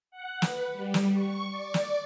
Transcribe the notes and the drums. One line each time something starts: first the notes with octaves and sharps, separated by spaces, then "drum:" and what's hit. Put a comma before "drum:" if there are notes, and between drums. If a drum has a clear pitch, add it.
F#5
B4, drum: snare
G3
drum: snare
C#6
D5
drum: snare